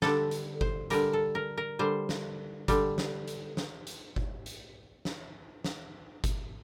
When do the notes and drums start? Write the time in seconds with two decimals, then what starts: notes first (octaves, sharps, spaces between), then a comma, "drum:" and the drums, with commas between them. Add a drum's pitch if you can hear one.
0.02 D3 G3 A4, drum: snare
0.31 drum: hi-hat
0.61 C5, drum: kick G1
0.90 D3 G3 A#4, drum: hi-hat
1.13 A4
1.35 A#4
1.57 A#4
1.79 D3 G3 C5
2.09 drum: snare
2.68 D3 G3, drum: kick G1, hi-hat
2.98 drum: snare
3.28 drum: hi-hat
3.57 drum: snare
3.87 drum: hi-hat
4.16 drum: kick G1
4.46 drum: hi-hat
5.05 drum: snare
5.64 drum: snare
6.24 drum: kick G1, hi-hat